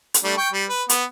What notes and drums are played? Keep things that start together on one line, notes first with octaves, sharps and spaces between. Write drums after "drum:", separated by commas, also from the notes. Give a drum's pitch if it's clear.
drum: hi-hat
G3 A3 D4
G5 C#6
G3
B4
B3, drum: hi-hat